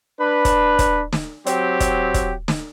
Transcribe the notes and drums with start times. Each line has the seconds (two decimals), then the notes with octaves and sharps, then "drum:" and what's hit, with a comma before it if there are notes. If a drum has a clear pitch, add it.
0.20 D4 B4
0.45 drum: kick, hi-hat
0.79 drum: kick, hi-hat
1.13 drum: snare
1.46 F#3 C4 G4, drum: hi-hat
1.80 drum: kick, hi-hat
2.14 drum: kick, hi-hat
2.48 drum: snare